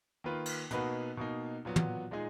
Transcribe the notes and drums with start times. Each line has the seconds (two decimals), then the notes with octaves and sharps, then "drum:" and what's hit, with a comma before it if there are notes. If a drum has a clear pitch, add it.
0.24 D#3 A#3 F4 B4
0.45 drum: cymbal
0.71 B2 A#3 D#4 F#4 B4, drum: hi-hat
1.17 B2 A#3 D#4
1.65 A#2 F#3 B3 F#4
1.76 drum: tom
2.11 A#2 G#3 D#4 G#4